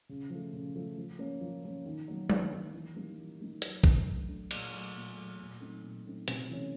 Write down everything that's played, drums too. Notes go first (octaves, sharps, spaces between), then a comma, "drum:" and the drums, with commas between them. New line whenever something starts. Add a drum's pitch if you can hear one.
C#3
F3 A3
C#3
F3 A3
F3
A#3 C#4
F3
A#3 C#4
D#3
F#3 A#3
D#3, drum: tom F#3
F#3 A#3
E3
G3 A#3 D#4
E3
G3 A#3 D#4
F#3, drum: hi-hat
A3 D4, drum: kick
F#3
A3 D4
A#2, drum: cymbal
F#3 A3
A#2
F#3 A3
A#2
F#3 A3 C4 D#4
A#2
F#3 A3 C4 D#4
C3, drum: hi-hat
E3 A3 C#4